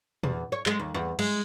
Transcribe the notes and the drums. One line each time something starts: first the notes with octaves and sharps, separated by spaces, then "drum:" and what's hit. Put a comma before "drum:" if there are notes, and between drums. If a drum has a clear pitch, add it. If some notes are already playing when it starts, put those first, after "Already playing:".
E2, drum: tom A#2
C#5
G#3, drum: clap
D#2
E2
G#3, drum: cymbal